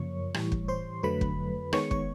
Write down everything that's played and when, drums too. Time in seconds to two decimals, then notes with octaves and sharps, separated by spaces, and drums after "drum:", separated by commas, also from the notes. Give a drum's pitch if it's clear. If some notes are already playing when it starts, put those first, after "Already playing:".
Already playing: F#2 C#3 F3 A#3 C#5 C#6
0.34 A2 E3 G3, drum: rim click
0.52 drum: kick
0.68 C5 C6
1.03 F2 D3 F#3 A3 B4 B5
1.21 drum: kick
1.73 D#3 G#3 B3 C#5 C#6, drum: rim click
1.91 C#5 C#6, drum: kick